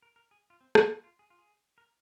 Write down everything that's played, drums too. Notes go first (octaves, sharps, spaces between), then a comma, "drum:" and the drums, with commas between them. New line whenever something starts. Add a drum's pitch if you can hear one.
A#4
A#4
G#4
F4
C4
F4, drum: rim click
F4
F4
G#4
F4
G#4
A#4